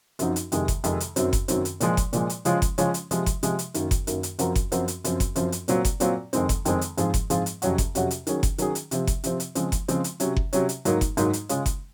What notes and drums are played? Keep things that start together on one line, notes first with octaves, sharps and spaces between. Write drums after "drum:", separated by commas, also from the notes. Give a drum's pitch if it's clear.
F#2 F3 C4 D#4 F#4, drum: hi-hat
drum: hi-hat
F2 C3 D#3 G#3, drum: hi-hat
drum: kick F#1, hi-hat
F2 C3 D#3 G#3, drum: hi-hat
drum: hi-hat
F#2 D#3 F#3 C4, drum: hi-hat
drum: kick F#1, hi-hat
F#2 D#3 F#3 C4, drum: hi-hat
drum: hi-hat
A#2 F3 G#3, drum: hi-hat
drum: kick F#1, hi-hat
A#2 F3 G#3, drum: hi-hat
drum: hi-hat
C#3 F3 G#3 C#4 F4, drum: hi-hat
drum: kick F#1, hi-hat
C#3 F3 G#3 C#4 F4, drum: hi-hat
drum: hi-hat
C3 F3 G#3, drum: hi-hat
drum: kick F#1, hi-hat
C3 F3 G#3, drum: hi-hat
drum: hi-hat
F#2 D#3 A#3, drum: hi-hat
drum: kick F#1, hi-hat
F#2 D#3 A#3, drum: hi-hat
drum: hi-hat
F#2 F3 C4 F#4 A#4, drum: hi-hat
drum: kick F#1, hi-hat
F#2 F3 C4 F#4 A#4, drum: hi-hat
drum: hi-hat
F#2 F3 C4, drum: hi-hat
drum: kick F#1, hi-hat
F#2 F3 C4, drum: hi-hat
drum: hi-hat
A#2 F#3 C4 F4, drum: hi-hat
drum: kick F#1, hi-hat
A#2 F#3 C4 F4, drum: hi-hat
F2 D#3 G#3 C4, drum: hi-hat
drum: kick F#1, hi-hat
F2 D#3 G#3 C4, drum: hi-hat
drum: hi-hat
G#2 F3 C4 F4 G#4, drum: hi-hat
drum: kick F#1, hi-hat
G#2 F3 C4 F4 G#4, drum: hi-hat
drum: hi-hat
F2 C3 F#3 C#4 F#4, drum: hi-hat
drum: kick F#1, hi-hat
F2 C3 F#3 C#4 F#4, drum: hi-hat
drum: hi-hat
D#3 F#3 C#4 G#4, drum: hi-hat
drum: kick F#1, hi-hat
D#3 F#3 C#4 G#4, drum: hi-hat
drum: hi-hat
C3 F3 C4, drum: hi-hat
drum: kick F#1, hi-hat
C3 F3 C4, drum: hi-hat
drum: hi-hat
C#3 F3 G#3 C4, drum: hi-hat
drum: kick F#1, hi-hat
C#3 F3 G#3 C4, drum: hi-hat
drum: hi-hat
C3 F#3 C#4, drum: hi-hat
drum: kick F#1
C3 F#3 C#4, drum: hi-hat
drum: hi-hat
G#2 F#3 A#3 D#4, drum: hi-hat
drum: kick F#1, hi-hat
G#2 F#3 A#3 D#4, drum: hi-hat
drum: hi-hat
C#3 G#3 C#4 F4, drum: hi-hat
drum: kick F#1, hi-hat